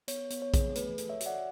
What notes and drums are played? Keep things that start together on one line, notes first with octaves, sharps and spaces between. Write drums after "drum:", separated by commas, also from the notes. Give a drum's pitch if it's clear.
B3 C#5, drum: hi-hat
B3, drum: hi-hat
C#5
G#4, drum: kick A#1, hi-hat
A3 B4, drum: hi-hat
A4, drum: hi-hat
C#5 E5
F#4, drum: hi-hat
D5 F#5